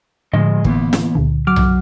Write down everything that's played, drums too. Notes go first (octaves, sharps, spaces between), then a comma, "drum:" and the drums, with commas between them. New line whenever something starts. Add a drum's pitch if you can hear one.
A2 D3 F3 G#3 D#5
E3 A#3 B3, drum: kick
drum: snare
C#2 A#2 D3
F#3 D6 F6
drum: tom B1